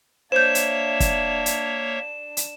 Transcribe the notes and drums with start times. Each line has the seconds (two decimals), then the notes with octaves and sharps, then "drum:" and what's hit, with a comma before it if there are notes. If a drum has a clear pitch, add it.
0.32 A#3 D4 C5 C#5 E5 G6 E7
0.55 drum: hi-hat
1.00 drum: kick, hi-hat
1.46 drum: hi-hat
2.37 drum: hi-hat